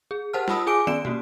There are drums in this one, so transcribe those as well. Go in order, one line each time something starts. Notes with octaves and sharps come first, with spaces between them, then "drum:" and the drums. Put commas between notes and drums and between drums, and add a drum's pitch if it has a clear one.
G#4
G4 A#4 C5 F#5 A5 F6
F4 F#5 A5 B5 D#6 E6, drum: snare
F4 G#4 G#5 D6 D7
B3 C#4 D5 D7 E7, drum: tom
A#3 C#4 F#4 G4, drum: tom